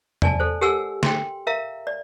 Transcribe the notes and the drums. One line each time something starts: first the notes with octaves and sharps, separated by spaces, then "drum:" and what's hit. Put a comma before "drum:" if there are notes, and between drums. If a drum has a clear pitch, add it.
D5 G#5 A5, drum: tom
A4 C5
G4 A4 A#4 F#5 G#5 E6
G5 C6, drum: snare
A#4 E5 F5 A#5
D5